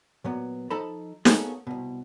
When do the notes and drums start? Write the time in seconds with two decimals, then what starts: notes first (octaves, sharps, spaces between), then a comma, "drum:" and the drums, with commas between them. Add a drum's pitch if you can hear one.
0.24 A#2 F#3 B3
0.70 F3 D#4 A4 D#5 A5 B5
1.25 A#3 B3 C#4 F#4 G#4 A4, drum: snare
1.67 C2 B2